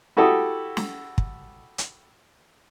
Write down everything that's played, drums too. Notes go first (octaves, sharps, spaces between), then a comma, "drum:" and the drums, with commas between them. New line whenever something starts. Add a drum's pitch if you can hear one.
E4 F#4 G4 A4 D#6
drum: snare
drum: kick
drum: hi-hat